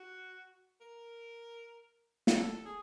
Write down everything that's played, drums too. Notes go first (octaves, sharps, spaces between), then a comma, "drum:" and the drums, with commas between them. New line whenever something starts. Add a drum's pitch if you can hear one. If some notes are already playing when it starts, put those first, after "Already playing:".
Already playing: F#4
A#4
drum: snare
A4
G#4